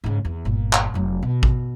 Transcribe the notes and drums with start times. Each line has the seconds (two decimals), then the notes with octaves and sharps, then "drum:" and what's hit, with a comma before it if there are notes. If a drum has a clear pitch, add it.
0.04 G#2 C#3
0.25 E2
0.45 G1 A#2
0.73 drum: clap
0.94 F1 F#3
1.23 B2
1.43 drum: kick